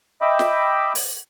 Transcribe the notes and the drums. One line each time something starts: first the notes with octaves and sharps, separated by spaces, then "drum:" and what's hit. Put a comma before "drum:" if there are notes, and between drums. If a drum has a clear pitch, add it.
D#5 E5 G5 B5 D6
drum: snare
drum: open hi-hat